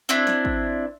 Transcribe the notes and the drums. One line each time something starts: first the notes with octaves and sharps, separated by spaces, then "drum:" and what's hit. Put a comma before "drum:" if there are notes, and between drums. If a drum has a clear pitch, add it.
C4 D4 E4
drum: snare
drum: kick